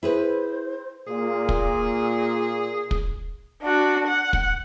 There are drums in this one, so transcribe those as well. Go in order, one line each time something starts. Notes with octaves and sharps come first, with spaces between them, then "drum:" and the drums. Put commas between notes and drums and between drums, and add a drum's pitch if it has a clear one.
E4 G#4 B4 C5
A#2 G#4
drum: kick
drum: kick
D4 F#4
F#5
drum: kick